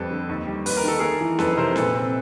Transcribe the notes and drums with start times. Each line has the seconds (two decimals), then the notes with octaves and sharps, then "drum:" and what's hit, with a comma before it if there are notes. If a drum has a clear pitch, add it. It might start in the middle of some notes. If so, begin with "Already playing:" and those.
Already playing: F2 G3 C4 A4 B4
0.11 D3
0.29 D#2
0.47 G3
0.66 D#2 B4, drum: open hi-hat
0.77 A#4
0.84 D#3 A4
0.99 A3 G#4 A#4
1.20 E3
1.39 F2 A4 B4, drum: snare C#4
1.57 C3 A#4 C5
1.76 A#2 A4 B4, drum: snare C#4
1.95 C4